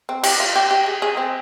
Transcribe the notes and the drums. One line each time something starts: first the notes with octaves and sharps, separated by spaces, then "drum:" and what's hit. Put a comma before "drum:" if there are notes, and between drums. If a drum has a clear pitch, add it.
C4
G4, drum: cymbal
F4
G4
G4
G#4
G#4
C4